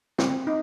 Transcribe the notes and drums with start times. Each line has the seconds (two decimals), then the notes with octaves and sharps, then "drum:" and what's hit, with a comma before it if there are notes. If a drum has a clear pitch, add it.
0.18 C4, drum: snare
0.47 D#4